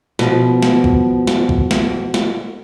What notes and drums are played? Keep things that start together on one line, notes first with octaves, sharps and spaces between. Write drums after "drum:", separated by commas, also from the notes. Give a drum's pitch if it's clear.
B2 F3, drum: snare
drum: snare
drum: kick
drum: snare
drum: kick
drum: snare
drum: snare